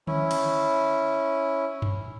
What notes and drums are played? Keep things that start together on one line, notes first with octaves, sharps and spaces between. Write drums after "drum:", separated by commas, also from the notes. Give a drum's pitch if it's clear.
C#4 E4, drum: tom D3
drum: cymbal
drum: tom F#2